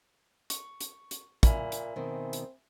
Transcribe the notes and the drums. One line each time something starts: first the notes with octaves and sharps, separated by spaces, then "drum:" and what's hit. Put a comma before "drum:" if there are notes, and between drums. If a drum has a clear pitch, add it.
C#6, drum: hi-hat
drum: hi-hat
drum: hi-hat
A#2 E5 G#5 B5, drum: kick, hi-hat
drum: hi-hat
B2 D#3 C4
drum: hi-hat